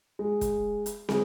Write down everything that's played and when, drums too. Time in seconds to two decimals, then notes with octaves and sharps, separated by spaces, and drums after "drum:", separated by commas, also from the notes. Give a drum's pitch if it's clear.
0.19 G#3
0.41 drum: kick, hi-hat
0.86 drum: hi-hat
1.09 G#3, drum: snare